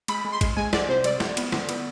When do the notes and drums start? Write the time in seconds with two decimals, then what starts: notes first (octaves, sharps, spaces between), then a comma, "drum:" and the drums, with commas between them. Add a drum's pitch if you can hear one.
0.08 G#3 B5, drum: cymbal
0.25 G#3
0.32 C6
0.41 G#3, drum: kick G#1, cymbal
0.57 G#3 G#5
0.73 G#3 D5, drum: snare
0.88 C3 C5
1.04 G3 D5, drum: cymbal
1.20 G3, drum: snare
1.37 B3, drum: cymbal
1.52 D3, drum: snare
1.69 B3, drum: cymbal